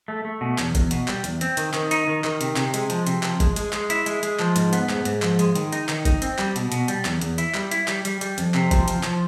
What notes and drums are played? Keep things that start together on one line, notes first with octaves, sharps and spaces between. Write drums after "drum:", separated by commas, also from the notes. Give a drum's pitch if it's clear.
A3
A3
B2
E2, drum: clap
E2, drum: kick, hi-hat
B2, drum: hi-hat
G3, drum: clap
E2, drum: hi-hat
C4, drum: hi-hat
D#3, drum: hi-hat
D#3, drum: clap
D#4, drum: hi-hat
D#3
D#3, drum: clap
C3, drum: hi-hat
C3, drum: clap
G#3, drum: hi-hat
F3, drum: hi-hat
C3, drum: hi-hat
F3, drum: clap
G#3, drum: kick, hi-hat
G#3, drum: hi-hat
G#3, drum: clap
E4, drum: hi-hat
G#3, drum: hi-hat
G#3, drum: hi-hat
F3, drum: clap
G#2, drum: hi-hat
B3, drum: hi-hat
G#2, drum: clap
G#2, drum: hi-hat
F3, drum: clap
G#3, drum: hi-hat
D#3, drum: hi-hat
D#4, drum: hi-hat
D#3, drum: clap
D#4, drum: kick, hi-hat
C4, drum: hi-hat
G3, drum: clap
B2, drum: hi-hat
B2, drum: hi-hat
G3, drum: hi-hat
E2, drum: clap
E2, drum: hi-hat
E4, drum: hi-hat
G3, drum: clap
E4, drum: hi-hat
G3, drum: clap
G3, drum: hi-hat
G3, drum: hi-hat
F2, drum: hi-hat
C3, drum: clap
F3, drum: kick, hi-hat
F3, drum: hi-hat
F3, drum: clap